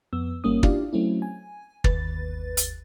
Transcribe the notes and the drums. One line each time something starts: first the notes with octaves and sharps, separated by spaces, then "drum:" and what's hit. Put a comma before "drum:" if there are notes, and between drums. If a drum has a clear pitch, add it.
F2 B3 E6
G1 G3 A#3 C#4 D#6
D4 E4 F4 G4 D5 F5, drum: kick
F#3 A3 C4 C#4 E4
G#5
G1 D#2 B4 A6, drum: kick
drum: hi-hat